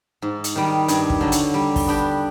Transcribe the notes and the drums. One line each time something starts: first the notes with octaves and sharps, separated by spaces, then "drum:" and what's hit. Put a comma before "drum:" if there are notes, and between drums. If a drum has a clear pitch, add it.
G#2
drum: hi-hat
D#3 G3
G2, drum: hi-hat
drum: kick
D3 F#3
drum: hi-hat
G3
drum: kick, open hi-hat
B3 D4 G4